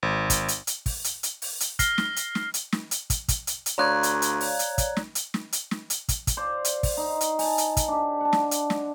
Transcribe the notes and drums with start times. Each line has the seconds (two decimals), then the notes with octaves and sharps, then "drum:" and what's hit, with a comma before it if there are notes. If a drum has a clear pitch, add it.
0.03 G#1
0.30 drum: kick, hi-hat
0.48 drum: hi-hat
0.67 drum: hi-hat
0.86 drum: kick, open hi-hat
1.04 drum: hi-hat
1.23 drum: hi-hat
1.42 drum: open hi-hat
1.60 drum: hi-hat
1.79 F6 A#6 C7 G7, drum: kick, hi-hat
1.98 drum: snare
2.16 drum: hi-hat
2.35 drum: snare
2.54 drum: hi-hat
2.72 drum: snare
2.91 drum: hi-hat
3.10 drum: kick, hi-hat
3.28 drum: kick, hi-hat
3.47 drum: hi-hat
3.66 drum: hi-hat
3.78 D2 C#5 D5 F5 A#5 F#6 G#6
4.03 drum: hi-hat
4.22 drum: hi-hat
4.40 drum: open hi-hat
4.59 drum: hi-hat
4.78 drum: kick, hi-hat
4.97 drum: snare
5.15 drum: hi-hat
5.34 drum: snare
5.53 drum: hi-hat
5.71 drum: snare
5.90 drum: hi-hat
6.09 drum: kick, hi-hat
6.27 drum: kick, hi-hat
6.37 C5 D5 F5 C6
6.65 drum: hi-hat
6.83 drum: kick, open hi-hat
6.97 D#4
7.21 drum: hi-hat
7.39 G#5 A5, drum: open hi-hat
7.58 drum: hi-hat
7.77 drum: kick, hi-hat
7.88 D4 G4
8.21 F#5 A5
8.33 drum: snare
8.51 drum: hi-hat
8.70 drum: snare